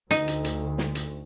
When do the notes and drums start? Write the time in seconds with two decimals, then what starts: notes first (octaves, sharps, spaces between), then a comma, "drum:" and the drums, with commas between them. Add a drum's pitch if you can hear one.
0.11 D2 D#4, drum: hi-hat
0.28 drum: hi-hat
0.44 drum: hi-hat
0.78 drum: snare
0.95 drum: hi-hat